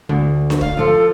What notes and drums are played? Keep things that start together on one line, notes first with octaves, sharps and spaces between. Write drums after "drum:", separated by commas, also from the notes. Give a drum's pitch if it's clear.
D2 D3
drum: snare D4
F5, drum: kick
F3 F4 A4